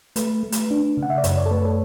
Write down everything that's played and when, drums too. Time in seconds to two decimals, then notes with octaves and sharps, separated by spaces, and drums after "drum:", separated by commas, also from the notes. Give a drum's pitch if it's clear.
0.16 A3 B4, drum: hi-hat
0.43 A3
0.52 drum: hi-hat
0.71 D4
0.97 C#3
1.03 F#5
1.10 E5
1.18 D5
1.24 F#2 C#5, drum: hi-hat
1.37 D5
1.46 A4
1.51 A3 B4
1.65 A4